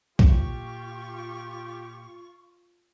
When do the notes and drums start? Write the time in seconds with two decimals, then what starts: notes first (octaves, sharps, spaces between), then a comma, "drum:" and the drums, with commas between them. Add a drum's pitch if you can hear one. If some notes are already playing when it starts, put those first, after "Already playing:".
0.19 A#2 F4 G4 C#6, drum: kick